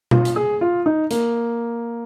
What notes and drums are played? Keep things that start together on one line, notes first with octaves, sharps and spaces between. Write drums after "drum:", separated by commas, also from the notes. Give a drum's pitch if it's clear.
F4, drum: tom B2
drum: hi-hat
G#4
F4
D#4
A#3, drum: hi-hat